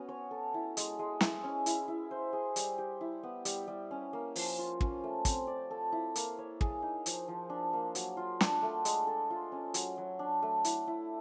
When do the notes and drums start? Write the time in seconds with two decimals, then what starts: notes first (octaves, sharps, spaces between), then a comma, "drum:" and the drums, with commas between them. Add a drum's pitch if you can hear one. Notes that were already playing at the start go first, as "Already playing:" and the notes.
Already playing: B3 C#4 F#4
0.09 C#5
0.31 A4
0.54 E4
0.77 G#3, drum: hi-hat
0.99 G#3
1.21 E4, drum: snare
1.44 C#4
1.66 E4, drum: hi-hat
1.88 E4
2.11 C5
2.33 G#4
2.56 G3, drum: hi-hat
2.78 G4
3.01 E4
3.23 B3
3.45 G3, drum: hi-hat
3.68 G3
3.91 C#4
4.13 A#3
4.36 F3, drum: open hi-hat
4.59 F4
4.81 C#4, drum: kick
5.04 A3
5.25 C4, drum: kick, hi-hat
5.47 D5
5.71 A4
5.92 E4
6.16 A#3, drum: hi-hat
6.38 C#5
6.61 G#4, drum: kick
6.82 D#4
7.06 F3, drum: hi-hat
7.28 F3
7.50 D4
7.73 A#3
7.95 F#3, drum: hi-hat
8.17 F4
8.41 D4, drum: snare
8.62 A3
8.85 G#3, drum: hi-hat
9.07 A4
9.30 F4
9.52 C#4
9.74 F#3, drum: hi-hat
9.98 F#3
10.19 D4
10.42 A3
10.65 E4, drum: hi-hat
10.88 E4